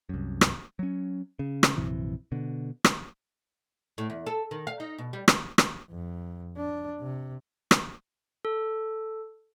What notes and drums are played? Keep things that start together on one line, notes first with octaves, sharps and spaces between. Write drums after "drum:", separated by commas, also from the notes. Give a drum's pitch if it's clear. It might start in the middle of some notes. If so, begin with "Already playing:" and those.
C2 F#2
drum: rim click
F#3 C#4
C#3
drum: rim click
A#1 F#2 C3 E3
B2 D3
drum: rim click
A2
E2
A4
D#3
F5
D#4
B2
G3
drum: rim click
drum: rim click
F2
D4
C3
drum: rim click
A4